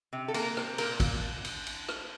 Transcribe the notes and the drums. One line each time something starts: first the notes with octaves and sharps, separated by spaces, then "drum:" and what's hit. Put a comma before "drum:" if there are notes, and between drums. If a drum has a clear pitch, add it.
C3
A4
A#3 A#4, drum: cymbal
C3, drum: rim click
A#2 A#4, drum: cymbal
A#2, drum: kick, cymbal
drum: cymbal
drum: cymbal
drum: rim click